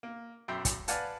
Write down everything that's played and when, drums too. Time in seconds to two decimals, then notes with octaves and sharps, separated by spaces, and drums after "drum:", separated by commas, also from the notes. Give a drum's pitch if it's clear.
0.03 A#3
0.48 B1 F#2 E5 G5 C6
0.65 drum: kick, hi-hat
0.88 B4 D5 F5 F#5 G#5 A5, drum: hi-hat